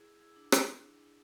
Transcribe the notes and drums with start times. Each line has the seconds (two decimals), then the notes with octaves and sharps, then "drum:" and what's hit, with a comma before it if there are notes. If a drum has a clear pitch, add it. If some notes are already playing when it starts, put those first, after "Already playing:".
Already playing: E4 G#4
0.20 E4 G#4
0.36 D4
0.52 drum: rim click